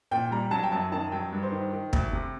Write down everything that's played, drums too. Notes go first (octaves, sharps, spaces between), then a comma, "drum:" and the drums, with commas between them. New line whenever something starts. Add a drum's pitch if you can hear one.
A#2 G5
G3 A#5
F#3 A5
G5
F#2 A5
D#3 A5
F#3 G5
G2
C5
D#3
D#3
D2, drum: kick
C3